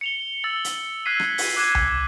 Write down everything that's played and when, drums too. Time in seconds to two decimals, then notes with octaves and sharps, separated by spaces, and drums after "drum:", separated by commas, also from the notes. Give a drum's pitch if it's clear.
0.01 C#7 F7 G7
0.44 E6 A6 F#7 G7
0.64 drum: hi-hat
1.05 E6 F#6 G#6 B6 C7 D#7
1.20 drum: rim click
1.38 drum: open hi-hat
1.56 D6 F#6 G#6 D#7 E7
1.75 drum: tom C#2